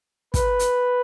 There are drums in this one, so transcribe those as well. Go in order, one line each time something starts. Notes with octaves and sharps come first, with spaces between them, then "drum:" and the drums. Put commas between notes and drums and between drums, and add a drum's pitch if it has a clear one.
B4, drum: kick, hi-hat
drum: hi-hat